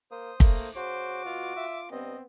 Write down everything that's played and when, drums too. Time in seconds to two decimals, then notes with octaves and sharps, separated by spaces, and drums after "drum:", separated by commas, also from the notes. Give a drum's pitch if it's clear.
0.11 A#3 C5 D#6
0.40 A3 A#3, drum: kick
0.76 C#3 F#4 C5 D6
1.25 B2 F4
1.56 F4 E5
1.91 G2 B3 C4 D#5